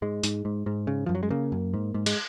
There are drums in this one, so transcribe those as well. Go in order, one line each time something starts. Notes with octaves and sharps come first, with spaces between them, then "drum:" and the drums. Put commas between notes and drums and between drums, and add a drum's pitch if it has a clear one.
G#2 G#3
G#2, drum: hi-hat
G#2
G#2
C#3
F#2 F3
F#3
G#3
C#3 A#3
F#2
G#2
G#2
G#3, drum: cymbal